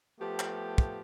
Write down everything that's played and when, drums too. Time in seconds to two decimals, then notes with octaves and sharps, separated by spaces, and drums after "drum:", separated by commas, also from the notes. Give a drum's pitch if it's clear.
0.20 F3 A3 B3 G4
0.39 drum: clap
0.78 drum: kick